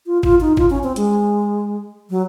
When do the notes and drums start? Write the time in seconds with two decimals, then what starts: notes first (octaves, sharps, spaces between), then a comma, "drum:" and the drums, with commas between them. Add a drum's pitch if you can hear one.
0.06 F4
0.23 F4, drum: kick G1
0.41 D#4
0.57 F4, drum: kick G1
0.70 C#4
0.83 C4
0.96 G#3, drum: hi-hat
2.10 F#3